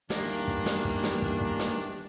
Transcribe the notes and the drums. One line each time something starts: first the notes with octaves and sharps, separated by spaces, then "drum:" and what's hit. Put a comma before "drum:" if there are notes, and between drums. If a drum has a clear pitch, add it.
A#1 E2 D#3 E3 G3 A#3 D4, drum: snare
drum: kick
drum: snare
drum: kick
drum: snare
drum: kick
drum: kick
drum: snare